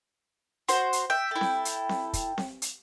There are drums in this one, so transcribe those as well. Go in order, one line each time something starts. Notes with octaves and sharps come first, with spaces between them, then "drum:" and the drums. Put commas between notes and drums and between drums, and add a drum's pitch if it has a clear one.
F#4 C5 C6, drum: hi-hat
drum: hi-hat
E5 G5
E4 A4
drum: snare C4
drum: hi-hat
drum: snare C4
drum: kick, hi-hat
drum: snare C4
drum: hi-hat